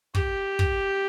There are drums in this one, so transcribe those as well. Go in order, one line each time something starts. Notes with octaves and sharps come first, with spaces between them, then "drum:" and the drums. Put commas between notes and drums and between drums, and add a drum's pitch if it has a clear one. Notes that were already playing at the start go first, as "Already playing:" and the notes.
G4, drum: kick
drum: kick